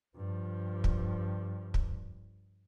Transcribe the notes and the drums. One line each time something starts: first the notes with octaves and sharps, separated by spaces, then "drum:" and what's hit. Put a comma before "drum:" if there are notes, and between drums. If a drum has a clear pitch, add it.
G2 F3
drum: kick
drum: kick